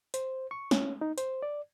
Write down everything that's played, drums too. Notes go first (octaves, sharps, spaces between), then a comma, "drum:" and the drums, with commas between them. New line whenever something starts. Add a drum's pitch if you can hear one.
C5, drum: hi-hat
C#6
C#4, drum: snare
D#4
C5, drum: hi-hat
D5